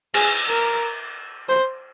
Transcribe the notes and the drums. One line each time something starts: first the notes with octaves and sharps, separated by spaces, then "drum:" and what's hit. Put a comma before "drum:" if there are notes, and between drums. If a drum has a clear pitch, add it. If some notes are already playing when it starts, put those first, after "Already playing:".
G#4, drum: cymbal
A#4
C5